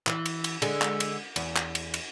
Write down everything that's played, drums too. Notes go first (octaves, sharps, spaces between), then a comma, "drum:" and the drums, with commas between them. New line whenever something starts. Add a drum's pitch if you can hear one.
E3, drum: clap
drum: cymbal
drum: cymbal
D3 G#3, drum: cymbal
drum: clap
drum: cymbal
E2, drum: cymbal
drum: clap
drum: cymbal
drum: cymbal